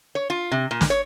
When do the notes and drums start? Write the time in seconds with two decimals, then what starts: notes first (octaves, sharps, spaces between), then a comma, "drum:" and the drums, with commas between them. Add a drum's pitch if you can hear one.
0.15 C#5
0.30 F4
0.51 C3
0.71 A#2
0.81 drum: snare
0.90 C#5